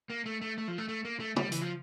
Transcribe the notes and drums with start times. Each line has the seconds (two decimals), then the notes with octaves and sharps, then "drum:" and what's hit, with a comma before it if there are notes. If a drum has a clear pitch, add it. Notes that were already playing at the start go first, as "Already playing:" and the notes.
0.10 A#3
0.26 A3
0.42 A3
0.58 A3
0.68 F3
0.78 A3
0.89 A3
1.05 A#3
1.20 A3
1.36 G3, drum: tom C#3
1.52 E3, drum: hi-hat
1.61 F3